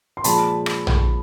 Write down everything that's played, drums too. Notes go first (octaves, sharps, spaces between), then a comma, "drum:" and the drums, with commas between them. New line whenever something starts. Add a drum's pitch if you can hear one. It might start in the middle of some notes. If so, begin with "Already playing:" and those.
C6
A#2 F3 G#3 A5 B5, drum: hi-hat
drum: rim click
drum: tom A#1